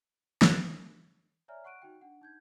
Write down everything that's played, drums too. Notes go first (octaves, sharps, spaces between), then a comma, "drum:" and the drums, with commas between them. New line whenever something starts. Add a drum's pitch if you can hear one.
drum: snare
C#5 D5 E5 G#5 A#5 F6
F#5 C#6 F#6 D7 D#7
D#4 F#4 G5
D4 F#5
D#4 G6 G#6